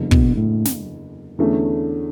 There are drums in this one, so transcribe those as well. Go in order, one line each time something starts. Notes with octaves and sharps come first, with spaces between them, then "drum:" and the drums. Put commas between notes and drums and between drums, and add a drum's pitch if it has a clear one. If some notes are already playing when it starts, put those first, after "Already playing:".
Already playing: F#1 E2 D3
B2, drum: kick
A2
drum: snare
E2 D3 A3 C#4